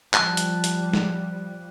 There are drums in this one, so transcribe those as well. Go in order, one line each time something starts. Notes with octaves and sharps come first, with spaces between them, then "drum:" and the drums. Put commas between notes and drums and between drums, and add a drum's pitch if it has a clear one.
F3 G3 A5 F#6, drum: clap
drum: hi-hat
drum: hi-hat
drum: snare